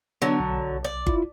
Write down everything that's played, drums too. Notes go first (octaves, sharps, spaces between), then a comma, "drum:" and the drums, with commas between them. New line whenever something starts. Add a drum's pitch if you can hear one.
D3 F#3 B3 D4
B1
D5
E4 F4, drum: kick G1